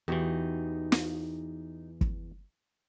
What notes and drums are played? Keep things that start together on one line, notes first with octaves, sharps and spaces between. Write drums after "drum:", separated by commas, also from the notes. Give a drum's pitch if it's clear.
E2 E3 D#4 F#4 G4
drum: snare
drum: kick